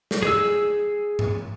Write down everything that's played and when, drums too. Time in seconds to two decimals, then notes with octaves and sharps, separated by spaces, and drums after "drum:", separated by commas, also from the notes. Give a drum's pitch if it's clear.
0.11 drum: snare
0.23 G#4 E6
1.19 drum: tom G#2